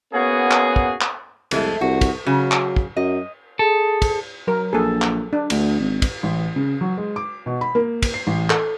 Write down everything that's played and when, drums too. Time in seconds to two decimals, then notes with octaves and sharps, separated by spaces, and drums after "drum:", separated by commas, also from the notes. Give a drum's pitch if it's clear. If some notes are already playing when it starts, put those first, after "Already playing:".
0.12 A#3 B3 C#4 F#4 G#4
0.51 drum: clap
0.76 drum: kick
1.01 drum: clap
1.51 C2 F2 G#3 A3, drum: cymbal
1.81 C2 F#4
2.01 drum: kick, cymbal
2.26 C#3 F#3
2.51 drum: clap
2.76 drum: kick
2.97 F#2 D#5
3.59 G#4 A4
4.02 drum: kick, cymbal
4.47 F#3 A#4
4.73 A#1 G#4 A4
5.02 drum: clap
5.33 D4
5.50 D2, drum: cymbal
5.80 G#1
6.02 drum: kick, cymbal
6.23 A1
6.56 C#3
6.81 F#3
6.97 G#3
7.16 D6
7.46 B2
7.61 B5
7.75 A#3
8.02 drum: kick, cymbal
8.14 C7
8.27 A1
8.50 A4, drum: clap